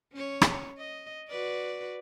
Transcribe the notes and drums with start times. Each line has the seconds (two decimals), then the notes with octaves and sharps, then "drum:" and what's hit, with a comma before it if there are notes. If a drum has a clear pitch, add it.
0.13 C#4 C#5
0.41 drum: rim click
0.77 D#5
1.28 F#4 B4 D5